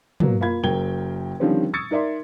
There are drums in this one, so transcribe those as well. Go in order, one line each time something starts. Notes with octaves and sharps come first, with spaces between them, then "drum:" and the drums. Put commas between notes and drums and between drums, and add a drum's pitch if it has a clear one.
B2 F#3 A#3, drum: tom
A#3 F4 B5 G#6
F#1 F#3 A#4 G5 G#6 G7
D3 D#3 F3 G3 C4 C#4
C#6 D#6 E6 G#6 A6 C#7
D#4 A#4 D5 E5 C6